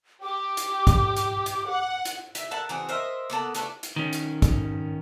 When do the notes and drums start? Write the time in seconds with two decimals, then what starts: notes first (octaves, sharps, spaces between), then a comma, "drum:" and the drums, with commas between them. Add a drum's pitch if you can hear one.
0.23 G4 D6
0.57 drum: hi-hat
0.87 drum: kick, hi-hat
1.16 drum: hi-hat
1.46 drum: hi-hat
1.68 F#5
2.05 drum: hi-hat
2.35 E5, drum: hi-hat
2.51 A4 A#4 F#5 A5
2.69 E3 C4 F#4 G#4
2.89 A#4 C5 D#5 E5
3.30 A#3 B3 A4 F#5
3.55 A3 D4 B4, drum: hi-hat
3.83 drum: hi-hat
3.96 D#3 C#4
4.13 drum: hi-hat
4.42 drum: kick, hi-hat